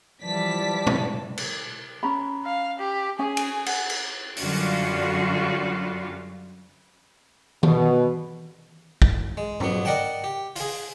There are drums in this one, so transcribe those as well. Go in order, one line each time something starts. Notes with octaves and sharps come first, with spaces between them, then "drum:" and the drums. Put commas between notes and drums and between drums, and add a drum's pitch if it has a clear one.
E3 F3 G3 D5 A5 B6
drum: tom
drum: cymbal
C#4 A#5 B5
F5
G4
C#4 G#4 G#5
drum: cymbal
F#5, drum: cymbal
drum: cymbal
F#2 D3 G3 F4 F#4 F5, drum: open hi-hat
B2, drum: tom D#3
drum: kick
G#3
A#1 F2 F#3 B3, drum: tom G#2
A#4 D5 D#5 F#5 G5 A5
G4
F4 G#4, drum: open hi-hat